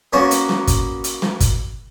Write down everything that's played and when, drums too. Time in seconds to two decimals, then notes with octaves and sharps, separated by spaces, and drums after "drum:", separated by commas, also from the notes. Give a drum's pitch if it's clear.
0.13 A#3 B3 C#4 F#4
0.31 drum: hi-hat
0.49 drum: snare
0.67 drum: kick G1, hi-hat
1.04 drum: hi-hat
1.22 drum: snare
1.40 drum: kick G1, hi-hat